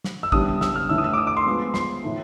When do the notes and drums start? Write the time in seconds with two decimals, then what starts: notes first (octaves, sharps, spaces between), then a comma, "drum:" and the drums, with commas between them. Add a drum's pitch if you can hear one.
0.04 drum: snare
0.23 E6
0.32 C#3 E3 G3 B3 D4 D#6, drum: kick
0.61 E6, drum: snare
0.76 F6
0.89 A2 E3 A3 D4 E6
0.98 D#6
1.04 E6
1.13 D6
1.18 D#6
1.27 D6
1.37 C6
1.47 F3 G#3 B3
1.74 C6, drum: snare
2.03 A2 E3 A3